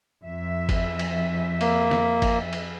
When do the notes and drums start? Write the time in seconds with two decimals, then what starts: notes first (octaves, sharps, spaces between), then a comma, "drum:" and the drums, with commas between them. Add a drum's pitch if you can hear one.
0.24 F2 E5
0.69 drum: kick G1, cymbal
0.99 drum: cymbal
1.61 A#3, drum: cymbal
1.91 drum: snare
2.22 drum: kick G1, cymbal
2.53 drum: cymbal